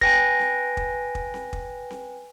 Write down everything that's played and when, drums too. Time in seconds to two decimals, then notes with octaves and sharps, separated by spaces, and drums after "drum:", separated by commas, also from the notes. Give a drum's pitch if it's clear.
0.01 B4 G5 G#5 A#6, drum: kick
0.39 drum: snare C4
0.77 drum: kick
1.15 drum: kick
1.34 drum: snare C4
1.53 drum: kick
1.90 drum: snare C4